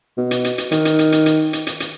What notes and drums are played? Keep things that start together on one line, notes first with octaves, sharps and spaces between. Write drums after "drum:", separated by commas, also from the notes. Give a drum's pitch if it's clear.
B2
drum: hi-hat
drum: hi-hat
drum: hi-hat
D#3, drum: hi-hat
drum: hi-hat
drum: hi-hat
drum: hi-hat
drum: hi-hat
drum: hi-hat
drum: hi-hat
drum: hi-hat